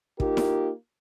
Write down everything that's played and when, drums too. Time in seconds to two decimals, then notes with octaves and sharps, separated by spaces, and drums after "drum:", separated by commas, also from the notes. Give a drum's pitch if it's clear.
0.20 A#3 D#4 F4 G4 A#4, drum: kick
0.37 drum: snare E4